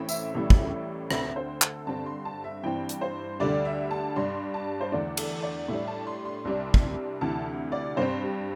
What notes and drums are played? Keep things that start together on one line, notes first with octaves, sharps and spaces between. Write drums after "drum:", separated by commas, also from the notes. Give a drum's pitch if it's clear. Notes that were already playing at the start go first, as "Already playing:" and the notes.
Already playing: A1 A2 E3 C4
E5, drum: tambourine
A1 A2 G3
drum: kick
D2 D3 C4 E5, drum: rim click
C5
A4, drum: clap
G2 D3 C4 A5
C6
A5
E5
G2 E3 C4 G5
drum: hi-hat
C5
D2 D3 G3 D4 D5
E5
A5
G2 G3 D4 C6
A5
C5
E2 D3 A3 D4 D5
A4, drum: cymbal
D5
A2 G3 D4 E5
A5
C6
C6
C2 C3 G3 D4
drum: kick
D2 C3 E3 A5
D5
G2 G3 C4 C5
G4